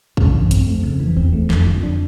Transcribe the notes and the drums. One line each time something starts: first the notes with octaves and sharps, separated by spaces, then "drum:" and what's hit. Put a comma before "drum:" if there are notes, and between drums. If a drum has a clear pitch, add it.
G2 C#3, drum: kick
E3
F2 C4, drum: hi-hat
A3
F2 C#3
E3
E2 C4
A3
F2 D3, drum: snare
F2 F3
D4